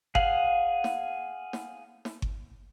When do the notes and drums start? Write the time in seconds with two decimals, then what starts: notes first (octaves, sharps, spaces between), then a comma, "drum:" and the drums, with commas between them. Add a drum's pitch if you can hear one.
0.15 G#4 F5 F#5, drum: kick G1
0.84 drum: snare
1.53 drum: snare
2.05 drum: snare
2.22 drum: kick G1